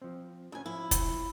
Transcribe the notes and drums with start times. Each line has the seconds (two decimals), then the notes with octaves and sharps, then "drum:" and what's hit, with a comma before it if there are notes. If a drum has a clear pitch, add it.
0.02 F3 C4
0.52 D2 C#4 D4 G#5
0.66 F3 E4
0.91 drum: kick, hi-hat